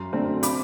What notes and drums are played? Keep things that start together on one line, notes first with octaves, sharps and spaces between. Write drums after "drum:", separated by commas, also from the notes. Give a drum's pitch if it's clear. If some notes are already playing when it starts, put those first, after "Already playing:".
Already playing: F#2 C6
D3 A3 C4
B5 D6, drum: hi-hat